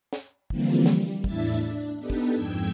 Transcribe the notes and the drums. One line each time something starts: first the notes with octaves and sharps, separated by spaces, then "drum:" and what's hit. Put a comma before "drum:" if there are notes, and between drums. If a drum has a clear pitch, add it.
drum: snare
D3 E3 F3 G3 A#3 C4, drum: kick
G3, drum: snare
E2 A2 D4 E4 E5 A6, drum: kick
D4
B3 D4 D#4 G4 A4 B4
drum: kick
F2 G#2 G5 E6 G#6